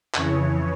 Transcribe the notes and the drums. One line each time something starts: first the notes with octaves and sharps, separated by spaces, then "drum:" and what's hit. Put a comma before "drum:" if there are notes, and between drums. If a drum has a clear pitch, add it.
F2 C#3 E3 C#5, drum: clap